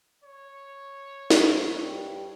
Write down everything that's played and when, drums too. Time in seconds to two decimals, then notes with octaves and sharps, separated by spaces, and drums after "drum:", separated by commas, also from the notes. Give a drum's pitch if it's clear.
0.24 C#5
1.30 drum: snare
1.79 G2